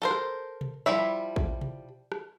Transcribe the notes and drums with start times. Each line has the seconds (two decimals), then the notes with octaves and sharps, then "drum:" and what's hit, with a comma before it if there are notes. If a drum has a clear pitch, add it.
0.02 A4 A#4 C5
0.11 drum: rim click
0.61 drum: tom B2
0.86 F3 G3 E4 E5
1.36 drum: kick
1.61 drum: tom B2
2.12 drum: rim click